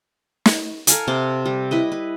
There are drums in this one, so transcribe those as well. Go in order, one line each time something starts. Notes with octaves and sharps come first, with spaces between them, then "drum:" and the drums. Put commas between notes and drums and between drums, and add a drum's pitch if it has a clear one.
drum: snare
A4 A#4 F5 G#5, drum: hi-hat
C3 C5 A5
G3
E4 B4 D#5
B4